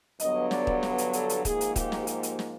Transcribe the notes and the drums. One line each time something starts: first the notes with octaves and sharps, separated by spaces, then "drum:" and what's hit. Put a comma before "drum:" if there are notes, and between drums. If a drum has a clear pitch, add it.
G2 D3 F#3 B3 D#5, drum: hi-hat
D5, drum: snare
drum: kick
drum: snare
drum: hi-hat
A4, drum: hi-hat
drum: hi-hat
G#2 F3 A#3 G#4, drum: kick, hi-hat
drum: hi-hat
G4, drum: kick, hi-hat
drum: snare
G4, drum: hi-hat
drum: hi-hat
drum: snare